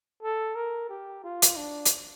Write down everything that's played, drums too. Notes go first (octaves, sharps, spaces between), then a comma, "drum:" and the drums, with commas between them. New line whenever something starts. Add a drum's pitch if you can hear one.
A4
A#4
G4
F4
drum: hi-hat
D4
drum: hi-hat